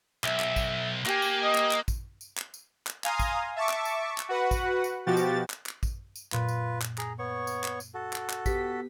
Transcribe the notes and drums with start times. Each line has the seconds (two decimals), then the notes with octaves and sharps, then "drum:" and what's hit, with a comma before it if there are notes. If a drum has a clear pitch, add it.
0.24 B1 E5, drum: clap
0.40 drum: clap
0.56 drum: kick A1, tambourine
1.06 A#3 G4 G#5, drum: clap
1.22 drum: tambourine
1.43 D#5
1.55 drum: clap
1.71 drum: clap
1.88 drum: kick A1, tambourine
2.21 drum: tambourine
2.37 drum: clap
2.54 drum: tambourine
2.87 drum: clap
3.04 F5 G#5 A#5 C6 D#6, drum: clap
3.20 drum: kick A1, tambourine
3.56 E5 A5 C#6 D6
3.69 drum: clap
3.85 drum: tambourine
4.18 drum: clap
4.29 F#4 B4 F#5
4.51 drum: kick A1, tambourine
4.84 drum: tambourine
5.06 B2 F3 F#4 G4 A6
5.17 drum: tambourine
5.50 drum: clap
5.66 drum: clap
5.83 drum: kick A1, tambourine
6.16 drum: tambourine
6.32 F#2 A#2 F4 B4, drum: clap
6.49 drum: tambourine
6.81 drum: clap
6.98 G#4 A#5, drum: clap
7.19 B3 C#5 C#6
7.47 drum: tambourine
7.64 drum: clap
7.80 drum: tambourine
7.94 F#4 A4
8.13 drum: clap
8.29 drum: clap
8.46 B3 G4 B6, drum: kick A1, tambourine